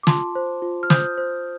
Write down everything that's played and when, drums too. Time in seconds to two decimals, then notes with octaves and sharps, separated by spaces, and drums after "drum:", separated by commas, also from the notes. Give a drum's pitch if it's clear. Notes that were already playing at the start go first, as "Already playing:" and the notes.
0.03 D6
0.07 F4 A5 C6, drum: snare
0.35 C5
0.62 F4
0.83 F6
0.90 C5 D#6 G6, drum: snare
1.18 C5